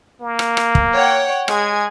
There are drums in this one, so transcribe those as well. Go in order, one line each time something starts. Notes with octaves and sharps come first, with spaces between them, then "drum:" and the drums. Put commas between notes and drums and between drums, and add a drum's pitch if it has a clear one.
A#3
drum: rim click
drum: rim click
drum: kick
C#5 F#5 G5
G#3 G#4 G#6, drum: rim click